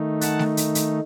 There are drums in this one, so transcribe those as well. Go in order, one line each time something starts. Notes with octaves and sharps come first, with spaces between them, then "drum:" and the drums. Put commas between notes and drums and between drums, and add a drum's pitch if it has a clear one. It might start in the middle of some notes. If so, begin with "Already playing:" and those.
Already playing: D#3 A3 D#4
F#5 A5, drum: hi-hat
drum: snare
drum: hi-hat
drum: hi-hat